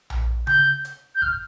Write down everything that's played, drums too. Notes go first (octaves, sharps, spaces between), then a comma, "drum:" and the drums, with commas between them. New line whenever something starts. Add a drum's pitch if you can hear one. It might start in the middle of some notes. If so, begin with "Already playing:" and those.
drum: tom A#1
G6, drum: tom C#3
drum: hi-hat
G6
F6, drum: kick F#1